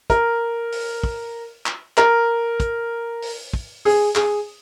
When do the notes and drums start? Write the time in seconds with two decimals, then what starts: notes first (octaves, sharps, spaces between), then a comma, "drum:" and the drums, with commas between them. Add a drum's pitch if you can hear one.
0.10 A#4, drum: kick, hi-hat
0.72 drum: open hi-hat
1.03 drum: kick
1.66 drum: clap
1.97 A#4, drum: clap
2.60 drum: kick, hi-hat
3.22 drum: open hi-hat
3.54 drum: kick
3.85 G#4, drum: open hi-hat
4.15 G#4, drum: clap